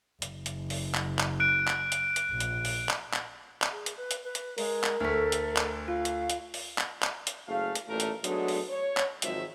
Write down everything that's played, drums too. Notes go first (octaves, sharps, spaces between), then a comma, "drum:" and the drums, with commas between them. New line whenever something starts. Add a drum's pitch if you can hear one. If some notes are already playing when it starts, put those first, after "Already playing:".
F#1, drum: hi-hat
drum: hi-hat
drum: open hi-hat
drum: clap
drum: clap
F#6 D7
drum: clap
drum: hi-hat
drum: hi-hat
A#1
drum: hi-hat
drum: open hi-hat
drum: clap
drum: clap
drum: clap
G#4
drum: hi-hat
B4
drum: hi-hat
B4
drum: hi-hat
G#3 A#4, drum: open hi-hat
drum: clap
D2 A3 A4 F6 B6
drum: hi-hat
drum: clap
F4 F5
drum: hi-hat
drum: hi-hat
drum: open hi-hat
drum: clap
drum: clap
drum: hi-hat
F#1 A3 G#4 F5
drum: hi-hat
A1 D#2 A#2 E3 A3 A#4
drum: hi-hat
F#3 G#3 A3 B3 D4 D#4, drum: hi-hat
drum: open hi-hat
C#5
drum: clap
G#1 D#3 F3 F#3 G#3 E5, drum: hi-hat